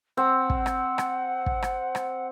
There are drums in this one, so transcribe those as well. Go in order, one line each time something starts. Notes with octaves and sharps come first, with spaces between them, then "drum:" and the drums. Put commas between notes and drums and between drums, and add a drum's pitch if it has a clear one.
C4 F#5
drum: kick
drum: rim click
drum: rim click
drum: kick
drum: rim click
drum: rim click